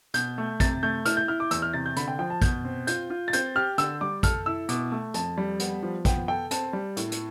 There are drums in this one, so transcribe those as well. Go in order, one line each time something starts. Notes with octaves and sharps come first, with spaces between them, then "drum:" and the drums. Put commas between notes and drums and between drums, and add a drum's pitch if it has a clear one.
B2 G6, drum: hi-hat
A3
C3 A6, drum: kick, hi-hat
A3 G6
E4 F6, drum: hi-hat
G6
E4 F6
D6
E2 E6, drum: hi-hat
F6
C3 A6
G6
D3 B5, drum: hi-hat
G5
F3 G5
A5
B2 G6, drum: kick, hi-hat
C4
F4 G6, drum: hi-hat
F4
A6
C4 G6, drum: hi-hat
G4 F6
D3 E6, drum: hi-hat
G3 D6
A4 F6, drum: kick, hi-hat
E4 E6
B2 D6, drum: hi-hat
A3
F2 A5, drum: hi-hat
G3
B3, drum: hi-hat
F3
B3 G5, drum: kick, hi-hat
A4 G5
C4 A5, drum: hi-hat
G3
A2, drum: hi-hat
drum: hi-hat